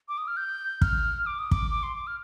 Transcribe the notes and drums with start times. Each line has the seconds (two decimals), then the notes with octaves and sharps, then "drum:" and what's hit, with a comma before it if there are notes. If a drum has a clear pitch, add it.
0.09 D6
0.18 D#6
0.27 F6
0.37 G6
0.81 F6, drum: kick
1.26 D6
1.39 D#6
1.51 D6, drum: kick
1.71 D6
1.83 C6
1.95 D6
2.07 F6